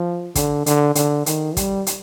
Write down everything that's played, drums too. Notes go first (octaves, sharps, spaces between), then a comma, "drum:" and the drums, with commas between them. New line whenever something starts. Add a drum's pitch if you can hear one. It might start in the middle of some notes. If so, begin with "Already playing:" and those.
Already playing: F3
D3, drum: kick, hi-hat
D3, drum: hi-hat
D3, drum: hi-hat
D#3, drum: hi-hat
G3, drum: kick, hi-hat
drum: hi-hat